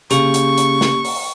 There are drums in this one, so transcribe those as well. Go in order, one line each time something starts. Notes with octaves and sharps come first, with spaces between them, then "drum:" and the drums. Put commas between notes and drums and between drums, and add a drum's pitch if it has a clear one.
C#3 A#3 C#4 G4 C#6, drum: hi-hat
drum: hi-hat
drum: hi-hat
drum: snare
drum: open hi-hat